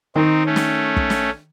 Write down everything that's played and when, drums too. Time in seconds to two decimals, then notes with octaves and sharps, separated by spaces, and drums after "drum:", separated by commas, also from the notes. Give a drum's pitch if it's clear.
0.16 D#3 C4 D#4
0.46 A3 C#4
0.56 drum: snare
0.96 drum: kick
1.10 drum: snare